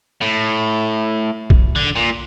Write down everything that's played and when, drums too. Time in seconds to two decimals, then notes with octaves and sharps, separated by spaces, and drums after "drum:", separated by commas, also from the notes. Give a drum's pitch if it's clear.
0.21 A2
1.50 drum: kick A#1
1.76 D3
1.96 A#2